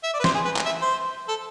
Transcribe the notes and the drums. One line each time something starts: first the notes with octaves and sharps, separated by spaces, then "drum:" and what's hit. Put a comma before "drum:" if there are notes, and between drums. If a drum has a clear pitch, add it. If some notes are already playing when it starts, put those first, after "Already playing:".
E5
D5
B4
C5, drum: snare
G#4
B4
drum: clap
E5
C5
A4